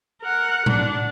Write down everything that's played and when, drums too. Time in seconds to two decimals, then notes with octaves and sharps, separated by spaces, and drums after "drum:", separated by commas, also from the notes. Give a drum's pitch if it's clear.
0.22 A#4 F#5
0.66 D4, drum: tom A2